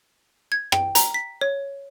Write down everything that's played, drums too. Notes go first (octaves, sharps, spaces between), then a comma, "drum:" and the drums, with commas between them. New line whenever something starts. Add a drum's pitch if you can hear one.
G#6
G5, drum: rim click
A#5, drum: hi-hat
B6
C#5